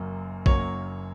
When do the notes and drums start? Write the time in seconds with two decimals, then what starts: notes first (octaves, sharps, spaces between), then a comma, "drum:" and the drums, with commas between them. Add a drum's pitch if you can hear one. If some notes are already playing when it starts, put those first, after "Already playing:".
Already playing: F#1 F#2 F#3 A#3
0.46 F#1 F#2 F#3 A#3 C#5, drum: kick